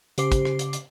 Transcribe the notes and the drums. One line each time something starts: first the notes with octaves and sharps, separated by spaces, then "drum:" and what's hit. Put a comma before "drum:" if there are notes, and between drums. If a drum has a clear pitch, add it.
C#3 G4 C5 D6 C7, drum: hi-hat
drum: kick, hi-hat
drum: rim click
drum: hi-hat
drum: hi-hat